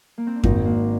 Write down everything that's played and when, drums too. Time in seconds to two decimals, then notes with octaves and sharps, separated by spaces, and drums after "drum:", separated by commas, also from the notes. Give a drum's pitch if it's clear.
0.18 A#3
0.27 C4
0.36 D4
0.44 G#1 C4 D#4, drum: kick F2
0.55 C4
0.65 A#3 D4